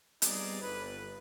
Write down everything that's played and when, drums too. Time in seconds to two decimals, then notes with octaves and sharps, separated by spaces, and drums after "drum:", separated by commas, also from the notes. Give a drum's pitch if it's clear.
0.22 G3 B3 C4 D#4 G#4 D5, drum: hi-hat
0.61 G1 B4